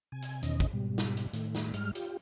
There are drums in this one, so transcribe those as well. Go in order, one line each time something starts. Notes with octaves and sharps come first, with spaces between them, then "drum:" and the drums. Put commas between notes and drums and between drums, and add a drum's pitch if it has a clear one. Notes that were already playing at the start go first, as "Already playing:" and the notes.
C3 G#5
drum: hi-hat
E2 B2 D#3 C#4 D#5, drum: hi-hat
drum: kick, hi-hat
G#2 B2 G3
drum: snare
drum: hi-hat
A2 D#3 A3, drum: hi-hat
drum: snare
G#2 G3 G#3 F6, drum: hi-hat
F4 G4, drum: hi-hat